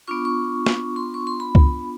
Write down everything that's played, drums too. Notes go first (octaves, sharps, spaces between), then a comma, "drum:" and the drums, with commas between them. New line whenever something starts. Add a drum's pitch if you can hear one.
B3 D4 F4 C#6
C#6
drum: snare
C6
C#6
C6
B5
drum: kick